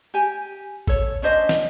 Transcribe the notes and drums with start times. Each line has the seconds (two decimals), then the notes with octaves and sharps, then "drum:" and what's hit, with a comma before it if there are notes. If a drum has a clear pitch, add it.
0.14 G4 G#5
0.87 A4 C#5, drum: kick G#1
1.22 C#4 D4 C5 D#5
1.49 drum: snare